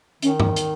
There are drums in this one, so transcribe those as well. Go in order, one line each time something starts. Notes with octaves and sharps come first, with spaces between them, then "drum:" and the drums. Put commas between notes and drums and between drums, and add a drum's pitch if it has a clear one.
D#3 C#4, drum: hi-hat
drum: tom G2
drum: hi-hat